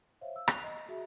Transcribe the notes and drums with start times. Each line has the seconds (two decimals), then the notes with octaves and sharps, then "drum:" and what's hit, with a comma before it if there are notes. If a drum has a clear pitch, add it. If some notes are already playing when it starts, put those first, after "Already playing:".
0.21 C5 C#5 E5 F5
0.35 F5 E6
0.48 F#6 F7, drum: rim click
0.63 D#5
0.88 F#4 G#4 E5